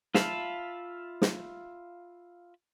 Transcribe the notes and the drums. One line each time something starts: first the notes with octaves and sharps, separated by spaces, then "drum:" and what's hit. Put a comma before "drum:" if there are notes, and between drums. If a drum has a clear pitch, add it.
F4 E5 F5 A5 B5, drum: snare
drum: snare